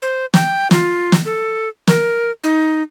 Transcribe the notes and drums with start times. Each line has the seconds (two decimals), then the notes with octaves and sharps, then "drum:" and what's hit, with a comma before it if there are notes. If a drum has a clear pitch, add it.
0.02 C5
0.34 G5, drum: snare
0.71 F4, drum: snare
1.12 drum: snare
1.25 A4
1.87 A#4, drum: snare
2.44 D#4